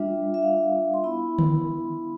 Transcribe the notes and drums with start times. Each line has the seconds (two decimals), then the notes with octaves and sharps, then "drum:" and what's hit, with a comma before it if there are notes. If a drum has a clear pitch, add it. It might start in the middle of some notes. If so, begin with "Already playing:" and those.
Already playing: G3 D4 F4 E5
0.34 E5
0.42 F5
0.94 C6
1.04 B3 E4 B5
1.39 drum: tom D3